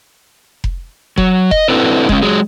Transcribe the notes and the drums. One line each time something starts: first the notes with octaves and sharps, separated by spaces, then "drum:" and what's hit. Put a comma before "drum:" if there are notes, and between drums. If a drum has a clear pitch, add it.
drum: kick F1
F#3, drum: kick F1
D#5, drum: kick F1
C4 D4 E4 F#4 A4 B4
G#3 C#4, drum: kick F1
F#3 G#3 G#4